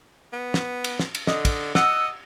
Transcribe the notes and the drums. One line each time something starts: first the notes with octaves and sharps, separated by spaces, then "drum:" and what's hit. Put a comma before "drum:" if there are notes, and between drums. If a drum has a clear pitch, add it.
B3
drum: snare
drum: cymbal
drum: snare
drum: cymbal
D3 D#5, drum: snare
drum: kick, cymbal
D#5 F#5 E6, drum: snare